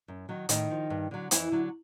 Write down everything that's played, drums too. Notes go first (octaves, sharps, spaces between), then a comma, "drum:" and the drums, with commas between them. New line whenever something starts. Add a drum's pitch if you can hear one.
F#2
D#3 F#3
A2 D#3 D#4, drum: hi-hat
F3
G2
D3 F#3
F2 E3 E4, drum: hi-hat
D3 F#3